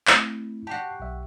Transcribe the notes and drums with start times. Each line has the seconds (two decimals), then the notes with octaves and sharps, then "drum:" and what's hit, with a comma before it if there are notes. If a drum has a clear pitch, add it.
0.07 A3 C4 E4, drum: clap
0.67 F#4 G4 A5 C7
1.00 B1 E5